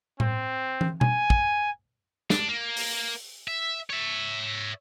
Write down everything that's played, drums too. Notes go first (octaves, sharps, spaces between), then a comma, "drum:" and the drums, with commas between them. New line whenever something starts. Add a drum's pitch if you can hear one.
C4, drum: tom A2
drum: tom
G#5, drum: tom B2
drum: kick
D4, drum: snare
A#3
drum: open hi-hat
E5
C#5 E5